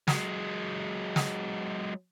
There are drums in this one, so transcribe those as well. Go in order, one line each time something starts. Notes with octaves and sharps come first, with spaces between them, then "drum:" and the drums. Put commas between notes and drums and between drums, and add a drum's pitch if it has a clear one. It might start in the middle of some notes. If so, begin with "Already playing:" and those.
F#3 G#3, drum: snare
drum: snare